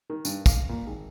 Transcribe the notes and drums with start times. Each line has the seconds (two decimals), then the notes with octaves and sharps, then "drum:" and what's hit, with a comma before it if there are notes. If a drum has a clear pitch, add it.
0.10 D#3
0.25 G2, drum: tambourine
0.46 F5, drum: kick, tambourine
0.69 A#2
0.86 G#1